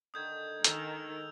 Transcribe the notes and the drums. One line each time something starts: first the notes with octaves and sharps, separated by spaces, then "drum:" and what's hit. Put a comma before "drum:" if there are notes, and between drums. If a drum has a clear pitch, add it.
D3 D#3 D#6 G6 G#6
D#3 G#3 A4 E6 F6 F7, drum: hi-hat